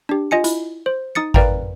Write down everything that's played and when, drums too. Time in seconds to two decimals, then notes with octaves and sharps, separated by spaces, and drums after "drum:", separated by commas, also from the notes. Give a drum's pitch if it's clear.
0.09 D4 G4
0.31 F4 D#5 G#5 C#7
0.44 E4, drum: hi-hat
0.86 C5
1.15 D#4 D#6 A6 C#7
1.34 A#4 B4 D5 F5 G5 A#5, drum: kick G#1